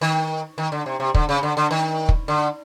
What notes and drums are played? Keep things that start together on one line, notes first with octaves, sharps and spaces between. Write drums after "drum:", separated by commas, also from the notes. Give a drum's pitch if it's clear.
D#3
D#3
D3
C3
C3
D3, drum: kick
C#3
D3
D3
D#3
drum: kick
D3